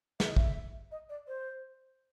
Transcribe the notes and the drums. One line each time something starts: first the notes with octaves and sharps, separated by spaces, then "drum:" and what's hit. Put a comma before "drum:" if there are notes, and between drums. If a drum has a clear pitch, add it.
E5, drum: snare
D#5
E5, drum: kick
D#5
D5
C5